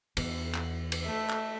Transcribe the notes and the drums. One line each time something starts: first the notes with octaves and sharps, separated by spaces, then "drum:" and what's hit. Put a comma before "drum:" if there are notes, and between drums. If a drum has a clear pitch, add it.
E2, drum: cymbal
drum: clap
drum: cymbal
A3 E5
drum: clap